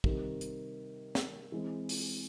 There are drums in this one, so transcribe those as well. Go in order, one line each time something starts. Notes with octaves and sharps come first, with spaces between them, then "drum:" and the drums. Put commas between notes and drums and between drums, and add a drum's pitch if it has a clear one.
C3 D#3 G3, drum: kick
drum: hi-hat
drum: snare
E3 G#3 C4
drum: open hi-hat